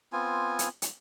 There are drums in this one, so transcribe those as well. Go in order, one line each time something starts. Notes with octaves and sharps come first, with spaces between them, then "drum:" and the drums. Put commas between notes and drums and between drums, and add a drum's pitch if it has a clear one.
B3 C4 F4 G#5
drum: hi-hat
drum: hi-hat